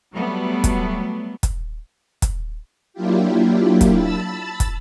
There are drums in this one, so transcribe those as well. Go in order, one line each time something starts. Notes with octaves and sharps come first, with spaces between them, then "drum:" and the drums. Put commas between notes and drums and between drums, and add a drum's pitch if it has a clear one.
F#3 G3 A3 B3
drum: kick, hi-hat
drum: kick, hi-hat
drum: kick, hi-hat
F#3 A#3 D4 E4 F4 G4
drum: kick, hi-hat
A5 B5 E6 A6
drum: kick, hi-hat